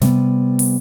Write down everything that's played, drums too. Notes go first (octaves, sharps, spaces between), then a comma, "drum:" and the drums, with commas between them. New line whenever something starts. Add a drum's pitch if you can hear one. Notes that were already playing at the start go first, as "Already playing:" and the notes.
C3 G3 A3 B3, drum: snare
drum: open hi-hat